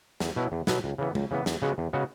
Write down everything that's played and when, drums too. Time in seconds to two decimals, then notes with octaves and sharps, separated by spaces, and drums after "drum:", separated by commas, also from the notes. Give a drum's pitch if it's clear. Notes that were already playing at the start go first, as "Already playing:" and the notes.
0.20 E2, drum: snare
0.36 B2 F#3 B3 E4
0.52 E2
0.67 B2 F#3 B3 E4, drum: snare
0.84 C#2
0.98 C#3 E3 B3
1.15 C#2, drum: tom G#3
1.31 C#3 E3 B3
1.46 E2, drum: snare
1.62 C#3 G#3 B3 F#4
1.78 E2
1.93 C#3 G#3 B3 F#4